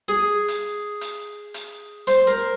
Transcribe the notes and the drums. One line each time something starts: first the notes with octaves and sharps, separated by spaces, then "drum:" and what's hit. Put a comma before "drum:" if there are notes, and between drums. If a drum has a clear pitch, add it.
G#4
drum: hi-hat
drum: hi-hat
drum: hi-hat
C5, drum: hi-hat
A#4